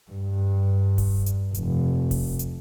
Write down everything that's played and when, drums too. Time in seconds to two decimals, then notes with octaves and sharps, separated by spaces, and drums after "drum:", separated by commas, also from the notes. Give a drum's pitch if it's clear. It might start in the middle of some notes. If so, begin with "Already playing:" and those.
0.11 G2
0.98 drum: kick E1, open hi-hat
1.26 drum: hi-hat
1.55 F1, drum: hi-hat
2.11 drum: kick E1, open hi-hat
2.39 drum: hi-hat